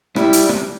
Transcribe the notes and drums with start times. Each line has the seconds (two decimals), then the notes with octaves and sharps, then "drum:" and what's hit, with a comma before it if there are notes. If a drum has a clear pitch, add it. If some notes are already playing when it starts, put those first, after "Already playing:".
0.16 G3 E4, drum: rim click
0.33 drum: hi-hat
0.49 drum: rim click